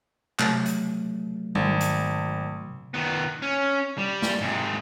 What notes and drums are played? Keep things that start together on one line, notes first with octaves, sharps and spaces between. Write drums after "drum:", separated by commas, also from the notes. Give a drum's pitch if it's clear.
C3 F#3 A3, drum: clap
drum: hi-hat
G#1, drum: tom G3
drum: hi-hat
D#3 B3
C#4
G3
drum: snare
G#2 C3